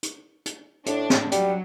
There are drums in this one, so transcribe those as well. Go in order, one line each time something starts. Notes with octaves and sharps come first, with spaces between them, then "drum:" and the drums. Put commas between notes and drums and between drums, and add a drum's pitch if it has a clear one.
drum: hi-hat
drum: hi-hat
A2 D4, drum: hi-hat
drum: snare
F#3 G3, drum: hi-hat